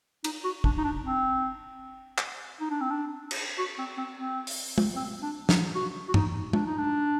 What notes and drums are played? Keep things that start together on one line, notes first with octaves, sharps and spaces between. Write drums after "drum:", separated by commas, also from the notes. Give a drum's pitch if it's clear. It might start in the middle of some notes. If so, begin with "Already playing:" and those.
D#4, drum: cymbal
F#4
D4, drum: kick
D#4
D4
C4
drum: clap
D#4
D4
C4
D4
drum: cymbal
F#4
C4
C4
C4
drum: open hi-hat
drum: tom
C4
D4
D#4, drum: snare
F#4
F#4
D#4, drum: tom G2
D4, drum: tom
D#4
D4